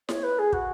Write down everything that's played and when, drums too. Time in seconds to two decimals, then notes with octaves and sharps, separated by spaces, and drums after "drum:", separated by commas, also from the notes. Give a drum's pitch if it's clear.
0.09 C#5, drum: snare E4
0.23 B4
0.38 G#4
0.53 F#4, drum: kick